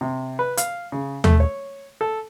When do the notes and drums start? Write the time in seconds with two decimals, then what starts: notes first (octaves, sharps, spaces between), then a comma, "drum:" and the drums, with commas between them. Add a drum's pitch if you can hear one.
0.01 C3
0.39 B4
0.57 F5, drum: hi-hat
0.92 C#3
1.24 A3, drum: tom D#2
1.40 C#5
2.01 A4